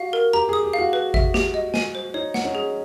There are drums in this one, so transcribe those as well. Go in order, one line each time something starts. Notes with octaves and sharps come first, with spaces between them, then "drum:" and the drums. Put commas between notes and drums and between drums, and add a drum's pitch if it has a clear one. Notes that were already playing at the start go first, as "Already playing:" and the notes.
Already playing: F#4 G4 F5
A#4
G4 A#5
G#4 D#6
G4
F5
F#4
B4
E5, drum: kick G#1
G4, drum: snare
D#5
G#5, drum: snare
C5
D#4 C#5
F#5, drum: snare
C#4
G#4